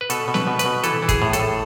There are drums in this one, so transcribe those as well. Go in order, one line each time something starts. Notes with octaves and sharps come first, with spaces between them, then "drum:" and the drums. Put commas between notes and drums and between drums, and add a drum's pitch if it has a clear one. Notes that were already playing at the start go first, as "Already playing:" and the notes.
B4
B2 A4, drum: hi-hat
B2
B4, drum: snare
B2
B4, drum: hi-hat
B2
E3 A4, drum: hi-hat
E3
G#4, drum: kick, hi-hat
A2
A4, drum: hi-hat
A2